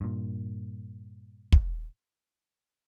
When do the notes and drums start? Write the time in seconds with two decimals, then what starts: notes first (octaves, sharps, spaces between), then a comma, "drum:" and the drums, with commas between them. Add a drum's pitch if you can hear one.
0.01 G2 A#2
1.52 drum: kick